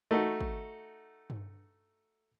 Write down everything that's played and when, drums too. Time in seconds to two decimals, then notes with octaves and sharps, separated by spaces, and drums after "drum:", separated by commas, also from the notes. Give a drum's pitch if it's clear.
0.11 A3 D#4 F#4
0.41 drum: kick
1.30 drum: tom G2